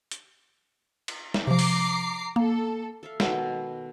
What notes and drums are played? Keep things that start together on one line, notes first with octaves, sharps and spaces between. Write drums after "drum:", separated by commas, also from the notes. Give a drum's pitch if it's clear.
drum: hi-hat
drum: cymbal
drum: snare
C3 F3 A#5 D6 C7
drum: open hi-hat
A#3 A4
A4 E5 F5
B2 D#3 B3 A4, drum: snare